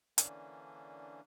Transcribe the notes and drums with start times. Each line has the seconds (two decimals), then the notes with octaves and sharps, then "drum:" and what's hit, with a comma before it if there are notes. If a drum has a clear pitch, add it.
0.18 D3 E3 A#3 C#4 D4, drum: hi-hat